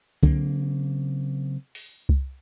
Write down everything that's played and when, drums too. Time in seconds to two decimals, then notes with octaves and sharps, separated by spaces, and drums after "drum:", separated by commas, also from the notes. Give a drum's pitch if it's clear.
0.23 C#3 F#3 A#3 C4, drum: kick C2
1.75 drum: open hi-hat
2.09 drum: kick C2